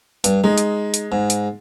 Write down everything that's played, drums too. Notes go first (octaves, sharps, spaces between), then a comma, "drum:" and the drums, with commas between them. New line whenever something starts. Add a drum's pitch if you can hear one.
G2, drum: hi-hat
G#3 D#4
drum: hi-hat
drum: hi-hat
G#2
drum: hi-hat